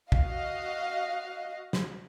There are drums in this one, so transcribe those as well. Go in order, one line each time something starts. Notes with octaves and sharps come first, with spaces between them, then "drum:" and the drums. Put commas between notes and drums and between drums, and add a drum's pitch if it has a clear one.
F#4 D#5 F5, drum: kick
drum: snare